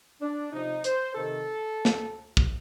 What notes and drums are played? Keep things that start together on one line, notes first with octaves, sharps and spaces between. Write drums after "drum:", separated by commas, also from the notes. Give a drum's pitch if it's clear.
D4
C3 F3 D#4
C5, drum: hi-hat
C3 D#3 A4
drum: snare
drum: kick